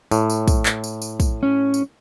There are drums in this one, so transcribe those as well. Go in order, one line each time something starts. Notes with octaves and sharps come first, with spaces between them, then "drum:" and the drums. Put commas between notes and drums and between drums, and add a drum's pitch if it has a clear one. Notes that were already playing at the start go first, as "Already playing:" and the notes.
A2, drum: tambourine
drum: tambourine
drum: kick, tambourine
drum: clap
drum: tambourine
drum: tambourine
drum: kick, tambourine
C#4
drum: tambourine